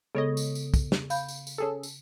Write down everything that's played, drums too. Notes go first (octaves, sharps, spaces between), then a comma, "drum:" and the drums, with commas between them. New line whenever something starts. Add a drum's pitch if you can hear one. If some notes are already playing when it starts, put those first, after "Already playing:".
C#3 G#3 B3 A4 C#5 D#5
drum: tambourine
drum: tambourine
drum: kick, tambourine
drum: snare
F5 B5 G6, drum: tambourine
drum: tambourine
drum: tambourine
C#4 G#4 A4
drum: tambourine